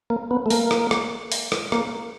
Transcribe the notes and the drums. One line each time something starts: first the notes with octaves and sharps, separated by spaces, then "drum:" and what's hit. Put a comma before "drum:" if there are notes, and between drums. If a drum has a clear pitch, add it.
A#3
B3
A3
A#3, drum: open hi-hat
drum: rim click
drum: rim click
drum: open hi-hat
drum: rim click
A#3, drum: rim click